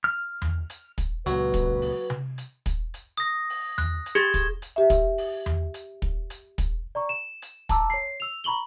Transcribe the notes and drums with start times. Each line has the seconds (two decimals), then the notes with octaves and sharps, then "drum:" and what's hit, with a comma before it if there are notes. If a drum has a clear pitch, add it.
0.04 F6
0.42 drum: tom E2
0.70 drum: hi-hat
0.98 drum: kick, hi-hat
1.26 C#2 A#2 F#3 B4, drum: hi-hat
1.54 drum: kick, hi-hat
1.82 drum: open hi-hat
2.10 drum: tom C3
2.38 drum: hi-hat
2.66 drum: kick, hi-hat
2.94 drum: hi-hat
3.17 D#6 A#6
3.50 drum: open hi-hat
3.78 F#6, drum: tom E2
4.06 drum: hi-hat
4.15 G4 G#4 G#6 E7 G7
4.34 drum: kick, hi-hat
4.62 drum: hi-hat
4.76 G4 E5
4.90 drum: kick, hi-hat
5.18 drum: open hi-hat
5.46 drum: tom E2
5.74 drum: hi-hat
6.02 drum: kick
6.30 drum: hi-hat
6.58 drum: kick, hi-hat
6.95 D5 A#5 C#6
7.09 E7
7.42 drum: hi-hat
7.69 A5 A#5 D6 E6, drum: kick, hi-hat
7.90 C#5 C7
8.20 E6 F7
8.44 A#5 B5 C#6 F#7 G7